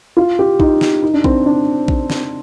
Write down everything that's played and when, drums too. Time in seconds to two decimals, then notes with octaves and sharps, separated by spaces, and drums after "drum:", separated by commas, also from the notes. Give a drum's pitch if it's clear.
0.17 F4
0.39 G4
0.60 D#4, drum: kick A#1
0.81 drum: snare
1.02 D#4
1.14 D4
1.24 C4, drum: kick A#1
1.46 D4
1.88 drum: kick A#1
2.10 drum: snare